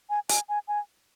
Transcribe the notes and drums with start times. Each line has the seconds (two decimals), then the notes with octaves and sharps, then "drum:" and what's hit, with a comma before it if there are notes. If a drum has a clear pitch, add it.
0.10 G#5
0.29 G#5, drum: hi-hat
0.49 G#5
0.68 G#5